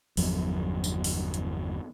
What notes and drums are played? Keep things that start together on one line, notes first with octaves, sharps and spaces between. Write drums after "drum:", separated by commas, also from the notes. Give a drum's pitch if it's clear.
G1 E2 F3 F#3, drum: open hi-hat
drum: tambourine
drum: open hi-hat
drum: hi-hat